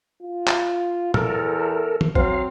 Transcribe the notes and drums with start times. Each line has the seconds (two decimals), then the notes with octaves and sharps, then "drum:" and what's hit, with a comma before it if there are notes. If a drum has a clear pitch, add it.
0.22 F4
0.47 drum: clap
1.14 E2 A4 A#4, drum: tom
2.01 drum: tom
2.15 F#3 C4 F5, drum: kick